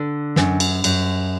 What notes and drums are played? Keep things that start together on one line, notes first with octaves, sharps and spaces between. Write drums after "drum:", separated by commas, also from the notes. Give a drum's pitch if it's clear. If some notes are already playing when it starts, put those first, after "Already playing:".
Already playing: D3
F#2, drum: snare
drum: cymbal
F#2, drum: cymbal